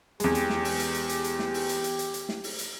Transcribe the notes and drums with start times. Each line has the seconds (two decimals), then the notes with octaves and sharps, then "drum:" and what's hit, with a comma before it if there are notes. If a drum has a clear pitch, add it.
0.20 E2 G#3 G4, drum: hi-hat
0.35 drum: hi-hat
0.50 drum: snare
0.65 drum: open hi-hat
0.80 drum: hi-hat
0.94 drum: hi-hat
1.09 drum: hi-hat
1.24 drum: hi-hat
1.39 drum: snare
1.54 drum: open hi-hat
1.69 drum: hi-hat
1.84 drum: hi-hat
1.99 drum: hi-hat
2.14 drum: hi-hat
2.29 drum: snare
2.44 drum: open hi-hat
2.59 drum: hi-hat